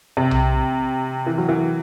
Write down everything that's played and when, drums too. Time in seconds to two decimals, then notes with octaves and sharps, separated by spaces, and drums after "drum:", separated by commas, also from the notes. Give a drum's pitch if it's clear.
0.17 C3
0.31 drum: tom B1
1.26 E3
1.38 F#3
1.49 E3